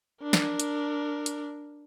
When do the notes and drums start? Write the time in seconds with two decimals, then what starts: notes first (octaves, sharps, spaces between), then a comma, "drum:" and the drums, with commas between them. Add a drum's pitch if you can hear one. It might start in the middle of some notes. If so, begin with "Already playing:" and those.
0.22 D4 A#4
0.33 drum: snare
0.60 drum: hi-hat
1.26 drum: hi-hat